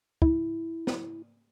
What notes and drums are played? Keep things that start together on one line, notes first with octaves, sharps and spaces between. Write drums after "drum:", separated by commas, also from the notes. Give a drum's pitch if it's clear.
E4, drum: kick
drum: snare